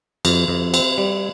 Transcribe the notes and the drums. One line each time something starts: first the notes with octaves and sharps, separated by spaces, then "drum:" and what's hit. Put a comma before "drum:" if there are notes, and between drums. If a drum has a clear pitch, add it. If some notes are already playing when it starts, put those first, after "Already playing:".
F2, drum: cymbal
F2
C4, drum: cymbal
G3